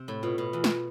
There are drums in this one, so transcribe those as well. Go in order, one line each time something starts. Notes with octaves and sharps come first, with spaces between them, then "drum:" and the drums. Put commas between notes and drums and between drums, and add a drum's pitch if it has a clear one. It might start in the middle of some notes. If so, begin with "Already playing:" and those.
Already playing: C3 C4
A2
B2 F4
B2
E2
drum: snare